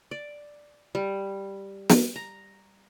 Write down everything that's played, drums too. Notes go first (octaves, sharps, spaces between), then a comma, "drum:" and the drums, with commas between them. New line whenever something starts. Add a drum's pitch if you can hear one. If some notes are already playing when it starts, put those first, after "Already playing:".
D5
G3
drum: snare
A#5